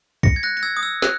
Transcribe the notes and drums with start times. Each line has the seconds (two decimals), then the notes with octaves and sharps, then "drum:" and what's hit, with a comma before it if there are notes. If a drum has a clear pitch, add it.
0.23 A#6 C#7, drum: kick
0.36 G#6
0.43 F#6 A#6
0.57 A#6
0.63 E6 G#6
0.77 D#6
0.83 E6
1.02 F#6, drum: snare